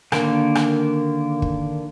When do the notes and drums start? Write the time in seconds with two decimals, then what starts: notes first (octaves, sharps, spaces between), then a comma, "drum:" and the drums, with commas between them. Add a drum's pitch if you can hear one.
0.12 D3 D#3 A#3, drum: rim click
0.55 drum: rim click
1.42 drum: kick